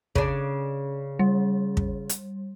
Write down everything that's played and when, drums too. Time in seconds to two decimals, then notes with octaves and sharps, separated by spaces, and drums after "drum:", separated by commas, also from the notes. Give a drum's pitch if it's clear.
0.15 C#3 D4, drum: kick
1.19 G3
1.77 drum: kick
2.09 drum: hi-hat